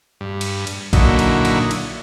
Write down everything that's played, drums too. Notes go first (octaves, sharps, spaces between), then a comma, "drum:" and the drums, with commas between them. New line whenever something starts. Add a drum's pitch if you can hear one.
G2
drum: cymbal
drum: cymbal
A#2 D3 F#3 D#4 E4, drum: kick, cymbal
drum: cymbal
drum: cymbal
drum: cymbal